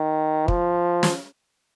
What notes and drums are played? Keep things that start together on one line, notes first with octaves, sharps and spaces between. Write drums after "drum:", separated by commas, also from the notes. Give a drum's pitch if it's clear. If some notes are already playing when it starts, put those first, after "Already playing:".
Already playing: D#3
F3, drum: kick
drum: snare